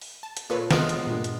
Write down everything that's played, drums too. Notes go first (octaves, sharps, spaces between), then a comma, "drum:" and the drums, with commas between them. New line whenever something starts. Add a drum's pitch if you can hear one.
drum: open hi-hat
A5
drum: hi-hat
A#2 A4 B4 C#5
G#3 B3 F4, drum: snare
drum: hi-hat
G2 A#2
drum: hi-hat